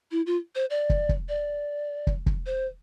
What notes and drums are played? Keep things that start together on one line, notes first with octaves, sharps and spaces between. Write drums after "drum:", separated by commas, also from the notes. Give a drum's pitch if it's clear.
E4
F4
C5
D5
drum: kick
drum: kick
D5
drum: kick
drum: kick
C5